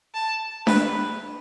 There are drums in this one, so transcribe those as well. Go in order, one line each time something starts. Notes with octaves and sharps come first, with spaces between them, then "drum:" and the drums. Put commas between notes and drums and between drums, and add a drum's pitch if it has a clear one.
A5
B4, drum: snare D4